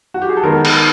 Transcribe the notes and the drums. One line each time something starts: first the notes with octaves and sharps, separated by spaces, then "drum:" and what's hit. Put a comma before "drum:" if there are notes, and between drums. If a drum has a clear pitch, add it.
F#4
G4
G#4
A4
D#3 G#3 B3 A#4
drum: cymbal